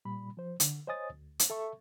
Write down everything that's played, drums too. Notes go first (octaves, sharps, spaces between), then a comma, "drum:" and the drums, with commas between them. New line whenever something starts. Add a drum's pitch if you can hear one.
A#2 G3 B5
F3 C5
D3, drum: hi-hat
C5 C#5 D#5 G#5 D#6 A6
D2
drum: hi-hat
A4 E5 A5 C#6